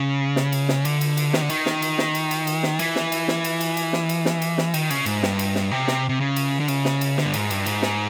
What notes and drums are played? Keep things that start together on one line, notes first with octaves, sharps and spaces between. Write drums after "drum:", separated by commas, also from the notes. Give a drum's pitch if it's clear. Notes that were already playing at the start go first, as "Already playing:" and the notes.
Already playing: C#3
drum: snare
drum: cymbal
drum: snare
D3, drum: cymbal
drum: cymbal
drum: cymbal
D#3, drum: snare
D3
D#3, drum: cymbal
drum: snare
drum: cymbal
drum: snare
drum: cymbal
drum: cymbal
drum: cymbal
drum: snare
E3, drum: cymbal
drum: snare
drum: cymbal
drum: snare
drum: cymbal
drum: cymbal
drum: cymbal
drum: snare
drum: cymbal
drum: snare
drum: cymbal
drum: snare
D#3, drum: cymbal
C#3, drum: cymbal
G#2, drum: cymbal
G2, drum: snare
drum: cymbal
drum: snare
C3
drum: snare
C3
C#3
drum: cymbal
D3
C#3, drum: cymbal
drum: snare
drum: cymbal
D3, drum: snare
G2
G#2, drum: cymbal
G2, drum: cymbal
G#2, drum: cymbal
drum: snare